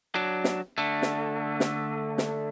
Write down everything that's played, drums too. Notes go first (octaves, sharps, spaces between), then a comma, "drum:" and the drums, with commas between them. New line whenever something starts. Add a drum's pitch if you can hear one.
F#3 D4
drum: snare
D3 A3
drum: snare
drum: snare
drum: snare